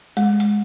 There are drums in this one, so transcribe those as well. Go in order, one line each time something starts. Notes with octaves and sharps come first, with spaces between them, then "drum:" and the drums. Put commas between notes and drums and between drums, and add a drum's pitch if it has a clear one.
G#3, drum: hi-hat
drum: hi-hat